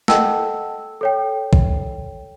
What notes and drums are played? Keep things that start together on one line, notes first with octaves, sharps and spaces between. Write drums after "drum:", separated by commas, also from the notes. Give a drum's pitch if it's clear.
A4 D#5 F#5 G5 A5 E6, drum: snare
A4 C#5 G5
drum: kick A#1